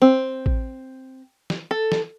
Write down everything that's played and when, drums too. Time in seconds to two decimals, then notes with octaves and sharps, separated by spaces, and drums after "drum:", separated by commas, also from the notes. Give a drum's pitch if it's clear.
0.02 C4
0.46 drum: kick A1
1.50 drum: snare
1.71 A4
1.92 drum: snare